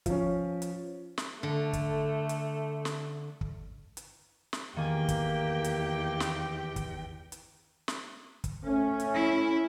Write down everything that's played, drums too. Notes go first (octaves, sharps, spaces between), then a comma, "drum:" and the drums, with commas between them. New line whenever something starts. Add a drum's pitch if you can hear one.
F3 C#4, drum: kick, hi-hat
drum: hi-hat
drum: snare
D3 A3
drum: kick, hi-hat
drum: hi-hat
drum: snare
drum: kick
drum: hi-hat
drum: snare
E2 D#3 A#3 G4 G#4 G5 G#5
drum: kick, hi-hat
drum: hi-hat
drum: snare
drum: kick, hi-hat
drum: hi-hat
drum: snare
drum: kick, hi-hat
A3 C#4
drum: hi-hat
E4